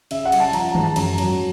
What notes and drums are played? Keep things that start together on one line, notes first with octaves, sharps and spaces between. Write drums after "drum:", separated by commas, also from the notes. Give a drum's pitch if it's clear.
C#3 E5, drum: cymbal
F#5
G3, drum: cymbal
A5
F3 A#5, drum: cymbal
A#5
G#2, drum: tom D#3
A5
F#2 A#5, drum: cymbal
F#3, drum: cymbal